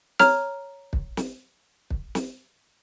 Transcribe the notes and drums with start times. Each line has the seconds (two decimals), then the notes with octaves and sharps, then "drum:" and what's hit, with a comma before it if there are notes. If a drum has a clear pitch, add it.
0.19 C#5 A#5 F6, drum: snare
0.93 drum: kick
1.17 drum: snare
1.90 drum: kick
2.15 drum: snare